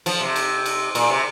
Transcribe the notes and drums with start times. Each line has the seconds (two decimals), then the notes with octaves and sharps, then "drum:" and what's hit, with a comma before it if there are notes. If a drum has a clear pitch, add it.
0.06 F3, drum: cymbal
0.20 C3
0.36 drum: cymbal
0.66 drum: cymbal
0.95 A#2, drum: cymbal
1.10 C3